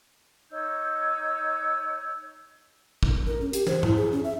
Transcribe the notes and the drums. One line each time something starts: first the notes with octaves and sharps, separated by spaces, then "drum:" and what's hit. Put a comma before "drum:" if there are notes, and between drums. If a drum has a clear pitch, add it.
D#4 C#5 E6 G6
drum: kick
A#4
C#4
G4, drum: hi-hat
C5, drum: tom
E4, drum: tom G#2
G#4
C#4
E5